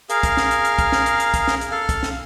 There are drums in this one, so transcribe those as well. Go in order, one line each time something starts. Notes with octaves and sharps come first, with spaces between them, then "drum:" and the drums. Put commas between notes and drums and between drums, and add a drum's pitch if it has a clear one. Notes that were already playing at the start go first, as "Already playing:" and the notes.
G#4 A#4 F5, drum: hi-hat
drum: kick, hi-hat
drum: snare
drum: hi-hat
drum: hi-hat
drum: kick, hi-hat
drum: snare
drum: hi-hat
drum: hi-hat
drum: kick, hi-hat
drum: snare
drum: hi-hat
A4 F5
drum: kick, hi-hat
drum: snare